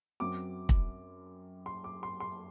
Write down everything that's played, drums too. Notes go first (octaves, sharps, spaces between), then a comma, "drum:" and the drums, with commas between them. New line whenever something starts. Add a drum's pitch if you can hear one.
F#2 F#3 C4 D6
drum: kick
C6
D6
C6
C6